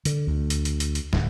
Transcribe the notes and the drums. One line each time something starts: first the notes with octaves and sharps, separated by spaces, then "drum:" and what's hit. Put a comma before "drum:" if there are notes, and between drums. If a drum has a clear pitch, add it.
D3, drum: hi-hat
D2
drum: hi-hat
drum: hi-hat
drum: hi-hat
drum: hi-hat
D1, drum: snare